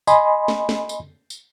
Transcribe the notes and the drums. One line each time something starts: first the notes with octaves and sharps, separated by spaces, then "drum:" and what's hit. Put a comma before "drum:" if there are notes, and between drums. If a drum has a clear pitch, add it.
D#5 G#5 B5 C6, drum: tambourine
drum: snare
drum: snare
drum: tambourine
drum: tambourine